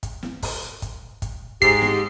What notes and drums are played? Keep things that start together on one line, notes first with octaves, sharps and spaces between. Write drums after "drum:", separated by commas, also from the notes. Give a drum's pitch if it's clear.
drum: kick, hi-hat
drum: snare
drum: kick, open hi-hat
drum: kick, hi-hat
drum: kick, hi-hat
G#2 G4 C7, drum: kick, hi-hat
drum: snare